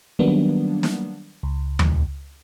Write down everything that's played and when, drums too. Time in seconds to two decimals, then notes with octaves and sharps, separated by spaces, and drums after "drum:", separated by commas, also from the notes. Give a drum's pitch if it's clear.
0.19 D#3 F#3 G3 A#3 B3 D4
0.83 drum: snare
1.43 C#2
1.79 drum: tom D#2